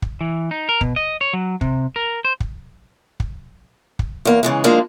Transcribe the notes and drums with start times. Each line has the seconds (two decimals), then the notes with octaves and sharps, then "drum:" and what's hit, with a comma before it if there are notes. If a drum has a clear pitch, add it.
0.02 drum: kick
0.21 E3
0.51 D#4
0.69 A#4
0.81 B2, drum: kick
0.96 D#5
1.21 C#5
1.33 F#3
1.61 C3, drum: kick
1.96 A#4
2.25 C5
2.40 drum: kick
3.20 drum: kick
3.99 drum: kick
4.25 E2 A#3
4.43 C#3 E3 G#3
4.64 F3 G#3 A#3 D4